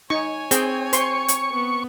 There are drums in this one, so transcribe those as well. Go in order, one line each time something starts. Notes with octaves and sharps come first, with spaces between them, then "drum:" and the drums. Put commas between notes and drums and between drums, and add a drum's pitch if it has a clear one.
D#4 C#5 G#5 C#6
C4 G#4 G5, drum: hi-hat
C5 C6 C#6, drum: hi-hat
drum: hi-hat
B3